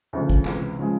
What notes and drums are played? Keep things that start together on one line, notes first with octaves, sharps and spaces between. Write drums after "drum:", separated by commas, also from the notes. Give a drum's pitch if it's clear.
D2 C#3 F3
drum: kick
C#2 C3 E3, drum: clap
C#3 F3 G#3